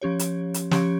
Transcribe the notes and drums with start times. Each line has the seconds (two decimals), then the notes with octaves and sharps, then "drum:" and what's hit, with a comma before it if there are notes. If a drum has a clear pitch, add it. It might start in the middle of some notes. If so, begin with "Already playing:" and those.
0.02 F3 C#4 G4 C#5
0.19 drum: hi-hat
0.54 drum: hi-hat
0.71 F3 C#4 G4 C#5, drum: snare